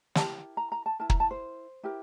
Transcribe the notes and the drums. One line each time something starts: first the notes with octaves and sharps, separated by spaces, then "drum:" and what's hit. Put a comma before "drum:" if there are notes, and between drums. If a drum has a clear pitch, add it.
E4 G4 A#4 A5, drum: snare
A#5
A#5
A5
E4 A#4 A5
A#5, drum: kick
A5
C5
E4 G4 A#4